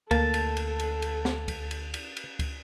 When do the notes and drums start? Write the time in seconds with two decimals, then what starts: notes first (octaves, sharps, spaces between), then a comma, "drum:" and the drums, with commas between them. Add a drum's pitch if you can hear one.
0.11 D2 A#3 A4 A5, drum: kick C#2, cymbal
0.34 drum: cymbal
0.57 drum: cymbal
0.79 drum: cymbal
1.02 drum: cymbal
1.25 drum: snare
1.48 drum: kick C#2, cymbal
1.71 drum: cymbal
1.94 drum: cymbal
2.16 drum: cymbal
2.39 drum: kick C#2, cymbal